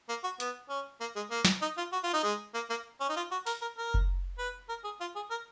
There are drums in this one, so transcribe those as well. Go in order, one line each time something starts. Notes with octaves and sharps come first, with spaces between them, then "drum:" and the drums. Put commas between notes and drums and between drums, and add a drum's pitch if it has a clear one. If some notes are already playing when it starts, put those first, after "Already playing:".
A#3
F#4
B3, drum: hi-hat
C#4
A#3
G#3
A#3
drum: snare
D#4
F4
F#4
F4
D#4
G#3
A#3
A#3
C#4
D#4
F4
F#4
A#4, drum: open hi-hat
A#4
A#4
drum: kick F#1
B4
A#4
G#4
F4
G#4
A#4